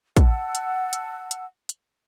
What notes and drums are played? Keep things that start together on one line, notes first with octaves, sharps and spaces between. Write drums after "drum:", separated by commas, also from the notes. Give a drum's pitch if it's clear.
F#5 A5 E6, drum: kick, hi-hat
drum: hi-hat
drum: hi-hat
drum: hi-hat
drum: hi-hat